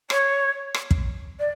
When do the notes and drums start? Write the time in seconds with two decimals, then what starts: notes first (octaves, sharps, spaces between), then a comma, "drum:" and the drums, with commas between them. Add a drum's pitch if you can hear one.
0.10 C#5, drum: rim click
0.74 drum: rim click
0.91 drum: kick
1.39 D5